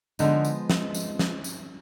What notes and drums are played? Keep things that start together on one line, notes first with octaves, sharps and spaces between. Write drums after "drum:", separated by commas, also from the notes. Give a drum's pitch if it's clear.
D3 F3 G#3 B3 D#4, drum: tambourine
drum: tambourine
drum: snare
drum: tambourine
drum: snare
drum: tambourine